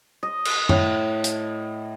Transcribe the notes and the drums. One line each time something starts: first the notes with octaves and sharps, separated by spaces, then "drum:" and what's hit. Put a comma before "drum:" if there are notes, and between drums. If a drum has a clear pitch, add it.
D#5
drum: cymbal
A2, drum: tom F#2
drum: hi-hat